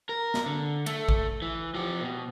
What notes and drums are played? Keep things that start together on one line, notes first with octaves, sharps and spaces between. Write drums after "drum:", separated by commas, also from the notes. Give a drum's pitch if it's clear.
A#4
drum: snare
D3
A3, drum: cymbal
drum: kick A1
E3
F3 G4
B2